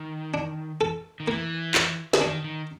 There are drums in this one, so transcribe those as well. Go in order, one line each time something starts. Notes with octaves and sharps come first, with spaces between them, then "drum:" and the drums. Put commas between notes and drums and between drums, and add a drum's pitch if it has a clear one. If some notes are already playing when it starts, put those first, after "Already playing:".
Already playing: D#3
D4
A4
D#3
E3 A#3
F4, drum: clap
D3, drum: snare
D#3 D4
D#3